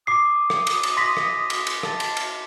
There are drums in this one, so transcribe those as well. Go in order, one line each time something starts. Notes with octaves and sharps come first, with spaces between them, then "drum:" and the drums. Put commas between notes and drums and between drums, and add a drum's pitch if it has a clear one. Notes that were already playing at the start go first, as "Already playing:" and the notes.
D6 D#6 C7
drum: rim click
drum: cymbal
drum: cymbal
C6 A#6 B6
drum: rim click
drum: cymbal
drum: cymbal
A5, drum: rim click
drum: cymbal
drum: cymbal